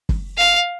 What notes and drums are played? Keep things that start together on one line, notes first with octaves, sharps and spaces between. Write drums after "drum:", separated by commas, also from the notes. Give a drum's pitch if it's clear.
drum: kick F#1
F5